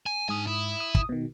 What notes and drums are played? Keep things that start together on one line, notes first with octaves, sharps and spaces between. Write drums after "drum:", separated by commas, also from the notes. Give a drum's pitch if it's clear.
G#5
G#2 D4 G#5 D#6
E4
D#6
drum: kick
B2 D#3